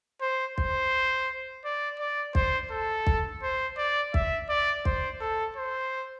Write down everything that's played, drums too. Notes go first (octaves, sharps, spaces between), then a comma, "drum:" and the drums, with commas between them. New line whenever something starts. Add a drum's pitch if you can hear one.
C5
C5, drum: kick
D5
D5
C5, drum: kick
A4
drum: kick
C5
D5
E5, drum: kick
D5
C5, drum: kick
A4
C5